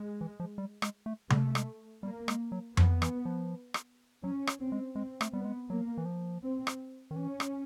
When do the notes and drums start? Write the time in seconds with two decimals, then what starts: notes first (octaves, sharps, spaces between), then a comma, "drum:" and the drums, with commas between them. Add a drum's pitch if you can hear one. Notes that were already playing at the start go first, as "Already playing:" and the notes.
Already playing: G#3
0.21 E3
0.40 F3
0.58 G3
0.82 G#3, drum: rim click
1.06 A3
1.30 G3 A3, drum: tom C3
1.55 G#3, drum: rim click
2.03 G3 A#3
2.28 G#3, drum: rim click
2.52 F#3
2.77 F3 B3, drum: tom F2
3.02 E3, drum: rim click
3.25 F3
3.74 drum: rim click
4.23 F#3 C#4
4.47 drum: rim click
4.59 C4
4.72 G#3
4.96 G#3 C4
5.21 A3, drum: rim click
5.33 G3 B3
5.45 G#3
5.69 F#3 A#3
5.98 E3
6.05 F3
6.43 C4
6.67 drum: rim click
7.11 D#3
7.16 E3 C#4
7.40 drum: rim click